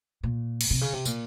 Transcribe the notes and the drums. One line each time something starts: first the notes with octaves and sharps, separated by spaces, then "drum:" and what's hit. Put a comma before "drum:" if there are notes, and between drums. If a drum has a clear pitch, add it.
A#2
drum: cymbal
C3
C#3
C3
A#2, drum: tambourine